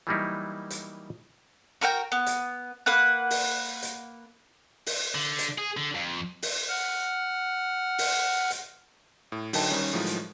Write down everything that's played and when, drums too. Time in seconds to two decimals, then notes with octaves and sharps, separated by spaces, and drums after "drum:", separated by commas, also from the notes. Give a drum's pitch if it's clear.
0.07 E3 F#3 G3 A#3 D#4 E4
0.70 drum: hi-hat
1.81 F#4 A#4 F#5 G5
2.12 B3
2.26 drum: hi-hat
2.86 A#3 B4 F#5 F#6
3.30 drum: open hi-hat
3.82 drum: hi-hat
4.86 drum: open hi-hat
5.15 D3
5.38 drum: hi-hat
5.58 G#4
5.77 D3
5.95 F2
6.42 drum: open hi-hat
6.68 F#5 F6
7.98 drum: open hi-hat
8.50 drum: hi-hat
9.32 A2
9.53 D3 F#3 D#4 G5 A5, drum: open hi-hat
9.70 D#3 G3 C#4 D#4
9.93 A2 D#3 F3 F#3 G#3
10.06 drum: hi-hat